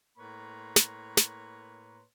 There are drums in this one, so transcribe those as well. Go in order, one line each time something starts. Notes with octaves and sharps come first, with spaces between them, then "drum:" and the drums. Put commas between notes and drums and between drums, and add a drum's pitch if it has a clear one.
A2 A#3 B4 C#5 A#5 C6
drum: snare
drum: snare